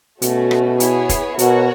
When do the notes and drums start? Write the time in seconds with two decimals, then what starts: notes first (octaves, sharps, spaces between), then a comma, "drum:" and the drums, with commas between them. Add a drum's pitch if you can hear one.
0.22 B2 A3 C#4 F#4, drum: hi-hat
0.51 drum: rim click
0.80 B3 E4 G#4 C#5, drum: hi-hat
1.09 drum: kick F1, hi-hat
1.39 B2 F#4 A#4 C#5 F#5, drum: hi-hat